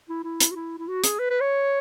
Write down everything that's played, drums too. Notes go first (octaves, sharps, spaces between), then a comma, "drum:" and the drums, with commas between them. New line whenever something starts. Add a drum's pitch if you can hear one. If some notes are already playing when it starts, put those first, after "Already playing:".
E4
E4
drum: hi-hat
F#4
E4
E4
F#4
G#4, drum: hi-hat
B4
B4
C#5